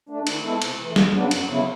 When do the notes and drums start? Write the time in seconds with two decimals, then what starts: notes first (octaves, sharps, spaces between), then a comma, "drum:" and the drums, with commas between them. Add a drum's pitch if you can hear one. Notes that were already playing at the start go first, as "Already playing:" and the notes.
0.09 A3 D4
0.27 D#3, drum: cymbal
0.44 G#3 B3 E4 A4
0.62 C3, drum: cymbal
0.79 E3 A3
0.96 E2, drum: snare
1.14 C#3 F#3 B3 D4
1.31 F#2, drum: cymbal
1.49 C#3 F#3 B3 E4